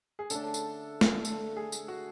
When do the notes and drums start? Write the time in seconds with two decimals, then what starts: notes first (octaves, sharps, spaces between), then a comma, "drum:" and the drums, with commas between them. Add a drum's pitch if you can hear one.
0.19 G#4
0.30 D3 A3 D4 A4, drum: tambourine
0.54 drum: tambourine
1.01 drum: snare
1.25 A4, drum: tambourine
1.56 G#4
1.72 drum: tambourine
1.88 F#4